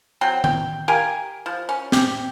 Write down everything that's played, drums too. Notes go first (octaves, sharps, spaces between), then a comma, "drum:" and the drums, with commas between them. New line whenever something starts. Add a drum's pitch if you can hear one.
F#3 C4 G5
G5, drum: tom D#3
G4 A#4 F5 G#5
F3
C#4
G4, drum: snare